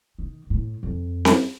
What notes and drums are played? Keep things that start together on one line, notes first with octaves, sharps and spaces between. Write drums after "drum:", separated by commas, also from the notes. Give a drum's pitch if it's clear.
D#3
A2
F2
drum: snare C4